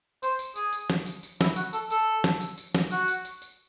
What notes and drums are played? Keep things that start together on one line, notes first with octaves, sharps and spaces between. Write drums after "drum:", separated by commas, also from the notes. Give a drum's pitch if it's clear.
C5, drum: tambourine
drum: tambourine
G#4, drum: tambourine
drum: tambourine
drum: snare
drum: tambourine
drum: tambourine
E4, drum: snare
F#4, drum: tambourine
A4, drum: tambourine
A4, drum: tambourine
drum: snare
drum: tambourine
drum: tambourine
drum: snare
F#4, drum: tambourine
drum: tambourine
drum: tambourine
drum: tambourine